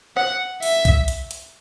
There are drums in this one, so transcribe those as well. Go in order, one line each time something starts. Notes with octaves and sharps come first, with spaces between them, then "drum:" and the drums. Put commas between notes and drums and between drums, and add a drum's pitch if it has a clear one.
F#5, drum: rim click
E5, drum: open hi-hat
drum: kick B1, hi-hat
drum: hi-hat
drum: hi-hat